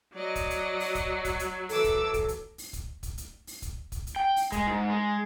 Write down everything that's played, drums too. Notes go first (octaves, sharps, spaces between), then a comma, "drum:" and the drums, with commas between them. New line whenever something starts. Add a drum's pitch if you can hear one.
F#3 D5 D#5
drum: kick, hi-hat
drum: hi-hat
drum: open hi-hat
drum: kick, hi-hat
drum: kick, hi-hat
drum: hi-hat
E3 A4 D6 E6, drum: open hi-hat
drum: kick, hi-hat
drum: kick, hi-hat
drum: hi-hat
drum: open hi-hat
drum: kick, hi-hat
drum: kick, hi-hat
drum: hi-hat
drum: open hi-hat
drum: kick, hi-hat
drum: kick, hi-hat
drum: hi-hat
G5
drum: open hi-hat
G#3, drum: kick, hi-hat
G#2
G#3